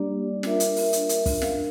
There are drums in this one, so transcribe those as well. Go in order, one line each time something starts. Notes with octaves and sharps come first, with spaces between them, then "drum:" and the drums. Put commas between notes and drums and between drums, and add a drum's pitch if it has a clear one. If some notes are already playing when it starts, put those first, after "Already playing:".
Already playing: G3 A#3 D4 G4 D5
D4 F4 A#4 E5, drum: snare
drum: hi-hat
drum: open hi-hat
drum: hi-hat
drum: hi-hat
drum: kick, open hi-hat
F4 A#4 F5, drum: snare